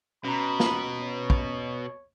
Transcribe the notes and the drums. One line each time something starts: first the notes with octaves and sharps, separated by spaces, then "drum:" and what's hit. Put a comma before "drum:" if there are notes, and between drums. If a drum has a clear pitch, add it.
B2 C#4 A#5 B5
drum: snare
C#5
drum: kick